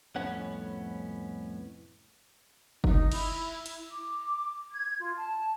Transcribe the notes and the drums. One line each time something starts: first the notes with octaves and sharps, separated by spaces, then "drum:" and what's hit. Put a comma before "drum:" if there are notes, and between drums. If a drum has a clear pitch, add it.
C2 F2 A2 B3 C#4 F#5
D#4, drum: kick F#1
E4, drum: cymbal
drum: hi-hat
D6
G#6
F4
A5